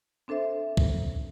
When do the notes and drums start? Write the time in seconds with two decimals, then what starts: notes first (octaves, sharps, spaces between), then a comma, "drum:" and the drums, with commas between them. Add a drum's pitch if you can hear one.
0.28 C4 D4 A4 C5 E5
0.77 drum: kick